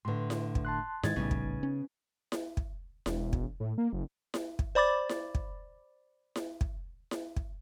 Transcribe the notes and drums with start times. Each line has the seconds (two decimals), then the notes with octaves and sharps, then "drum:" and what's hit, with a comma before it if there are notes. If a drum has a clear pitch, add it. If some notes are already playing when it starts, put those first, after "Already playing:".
0.05 A2 D3 B4 C6
0.30 drum: snare E4
0.55 drum: kick
0.65 A5 C6 F#6
1.03 G#2 D#3 G#3 D#4 G#6 A6, drum: snare E4
1.16 A#1 A2 C#3 G3 B3
1.31 drum: kick
1.63 C#4
2.32 drum: snare E4
2.57 drum: kick
3.06 E1, drum: snare E4
3.33 drum: kick
3.60 A2
3.78 A#3
3.93 F#1
4.34 drum: snare E4
4.59 drum: kick
4.75 C5 D5 B5 D6 A6
5.09 drum: snare E4
5.35 drum: kick
6.36 drum: snare E4
6.61 drum: kick
7.11 drum: snare E4
7.36 drum: kick